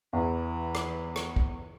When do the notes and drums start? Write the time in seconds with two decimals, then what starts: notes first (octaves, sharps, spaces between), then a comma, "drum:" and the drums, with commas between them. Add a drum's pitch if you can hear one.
0.13 E2 E3
0.75 drum: rim click
1.16 drum: rim click
1.36 drum: kick